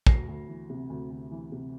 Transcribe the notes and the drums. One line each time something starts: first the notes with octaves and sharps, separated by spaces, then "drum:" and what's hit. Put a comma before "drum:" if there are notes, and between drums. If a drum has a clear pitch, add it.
D2 A#6 C7, drum: kick
D2
E3
C3
D2
D2
E3
C3